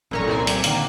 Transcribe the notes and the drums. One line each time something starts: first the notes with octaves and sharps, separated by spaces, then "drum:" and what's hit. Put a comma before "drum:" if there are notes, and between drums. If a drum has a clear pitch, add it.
G1 F2 A#2 C#4 A#5 C#6
C2 C4 C#5 D5 G5 G#5
drum: hi-hat
D3 D#3 A#3 D4, drum: hi-hat